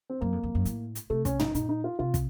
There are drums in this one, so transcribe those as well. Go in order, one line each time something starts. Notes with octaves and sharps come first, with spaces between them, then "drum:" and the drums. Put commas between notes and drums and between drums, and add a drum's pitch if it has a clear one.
C4
F#2 A#3
F2
F2
F#2
A2, drum: hi-hat
drum: hi-hat
C3 A3
C#4, drum: kick, hi-hat
D#4, drum: tom
A#2 D#4, drum: hi-hat
D#4
F4
C3 F4
drum: kick, hi-hat